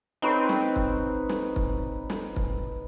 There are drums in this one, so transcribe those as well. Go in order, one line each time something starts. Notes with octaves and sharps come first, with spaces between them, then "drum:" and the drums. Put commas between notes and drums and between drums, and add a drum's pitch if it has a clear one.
C4 D#4 B4 C#5
drum: snare
drum: kick
drum: snare
drum: kick
drum: snare
drum: kick